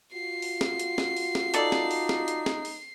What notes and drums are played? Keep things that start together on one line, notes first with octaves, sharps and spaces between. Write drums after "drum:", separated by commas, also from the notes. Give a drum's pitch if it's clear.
F4 F#4 C7
drum: open hi-hat
drum: snare
drum: hi-hat
drum: snare
drum: open hi-hat
drum: snare
D#4 A4 D5, drum: hi-hat
drum: snare
drum: open hi-hat
drum: snare
drum: hi-hat
drum: snare
drum: open hi-hat